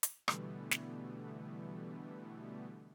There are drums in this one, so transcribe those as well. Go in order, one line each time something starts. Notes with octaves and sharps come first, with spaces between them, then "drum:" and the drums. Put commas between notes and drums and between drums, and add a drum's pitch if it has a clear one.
drum: hi-hat
B2 D3 E3 G3 A3 B3, drum: rim click
drum: snare